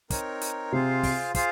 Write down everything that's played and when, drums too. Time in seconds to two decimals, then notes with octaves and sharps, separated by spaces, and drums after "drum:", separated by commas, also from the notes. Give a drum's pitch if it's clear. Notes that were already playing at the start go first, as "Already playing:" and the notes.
0.10 C4 D#4 A#4 C#5, drum: kick, hi-hat
0.41 drum: hi-hat
0.72 C3 F4 G#4 C5 F5
1.04 drum: kick, open hi-hat
1.35 F4 G#4 C5 F5, drum: kick, hi-hat